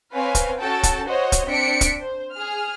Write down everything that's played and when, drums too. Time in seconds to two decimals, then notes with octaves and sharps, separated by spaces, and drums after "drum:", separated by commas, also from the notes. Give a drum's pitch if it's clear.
0.13 C4 B4 C#5 F5 G#5
0.35 drum: kick, hi-hat
0.60 C#4 F#4 A4 G5 A5
0.83 drum: kick, hi-hat
1.08 F#4 C5 C#5 D#5 F#5
1.32 drum: kick, hi-hat
1.47 C4 D4 B6 C#7 D7
1.81 drum: kick, hi-hat
2.01 C5
2.34 G#4 F6